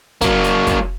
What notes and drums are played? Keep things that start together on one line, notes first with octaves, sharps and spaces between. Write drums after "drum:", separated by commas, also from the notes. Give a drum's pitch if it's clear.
F#3 A#3, drum: kick, hi-hat
drum: hi-hat
drum: kick, hi-hat